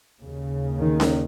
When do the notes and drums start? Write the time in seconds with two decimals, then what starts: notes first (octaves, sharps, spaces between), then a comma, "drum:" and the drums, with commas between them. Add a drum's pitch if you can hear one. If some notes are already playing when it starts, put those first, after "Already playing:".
0.22 D#2 C#3
0.80 D#3
1.00 drum: snare C#4